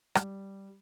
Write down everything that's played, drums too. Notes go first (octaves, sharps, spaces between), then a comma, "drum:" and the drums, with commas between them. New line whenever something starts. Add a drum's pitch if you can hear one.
G3, drum: rim click